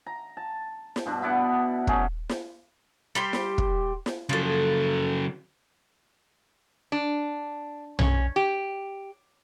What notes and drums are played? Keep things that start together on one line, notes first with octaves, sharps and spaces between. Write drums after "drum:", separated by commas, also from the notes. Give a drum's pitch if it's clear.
A#5
A5
drum: snare
G2 B2 D4
B3 E4 D5 F#5
F#3 A3 C#4 G#4, drum: kick
drum: snare
G3 G4 C5
drum: snare
drum: kick
drum: snare
C#3 F3 F#3 A4
D4
C#4, drum: tom B1
G4